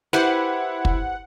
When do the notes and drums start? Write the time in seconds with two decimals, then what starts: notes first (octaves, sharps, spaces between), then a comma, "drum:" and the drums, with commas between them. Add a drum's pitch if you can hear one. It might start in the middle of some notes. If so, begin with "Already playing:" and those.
0.13 E4 G4 B4 C5 F#5, drum: snare
0.85 drum: kick